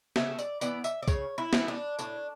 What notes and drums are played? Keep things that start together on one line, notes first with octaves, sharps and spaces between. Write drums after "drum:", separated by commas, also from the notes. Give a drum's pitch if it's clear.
C#3 E5, drum: snare
D5, drum: tambourine
E3 B3 D5, drum: tambourine
E5, drum: tambourine
D5
C#3 C#5, drum: kick, tambourine
E4
E3 B3, drum: snare
D4
A2 D4, drum: tambourine